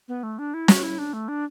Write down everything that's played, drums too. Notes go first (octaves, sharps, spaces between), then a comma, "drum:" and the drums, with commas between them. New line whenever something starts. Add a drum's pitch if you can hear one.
B3
A3
D4
E4
F#4, drum: snare
E4
D4
A3
D4